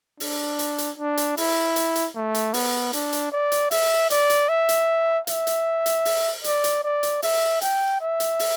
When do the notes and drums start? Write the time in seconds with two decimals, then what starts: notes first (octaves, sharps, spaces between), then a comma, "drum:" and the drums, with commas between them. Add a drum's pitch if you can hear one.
0.20 D4, drum: open hi-hat
0.59 drum: hi-hat
0.78 drum: hi-hat
0.98 D4
1.17 drum: hi-hat
1.37 E4, drum: open hi-hat
1.76 drum: hi-hat
1.95 drum: hi-hat
2.15 A3
2.34 drum: hi-hat
2.54 B3, drum: open hi-hat
2.93 D4, drum: hi-hat
3.13 drum: hi-hat
3.32 D5
3.52 drum: hi-hat
3.71 E5, drum: open hi-hat
4.10 D5, drum: hi-hat
4.30 drum: hi-hat
4.49 E5
4.69 drum: hi-hat
5.27 E5, drum: hi-hat
5.47 drum: hi-hat
5.86 drum: hi-hat
6.05 drum: open hi-hat
6.44 D5, drum: hi-hat
6.64 drum: hi-hat
6.83 D5
7.03 drum: hi-hat
7.22 E5, drum: open hi-hat
7.61 G5, drum: hi-hat
8.01 E5
8.20 drum: hi-hat
8.39 drum: open hi-hat